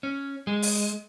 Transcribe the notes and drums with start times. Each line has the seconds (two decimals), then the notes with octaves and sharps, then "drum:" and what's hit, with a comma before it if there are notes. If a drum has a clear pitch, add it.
0.03 C#4
0.47 G#3
0.62 drum: open hi-hat